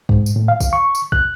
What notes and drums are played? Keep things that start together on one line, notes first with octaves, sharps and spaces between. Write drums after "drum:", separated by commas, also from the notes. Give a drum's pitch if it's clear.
G#2, drum: kick
drum: tambourine
A2
F5
drum: kick, tambourine
C#6
drum: tambourine
F#6, drum: kick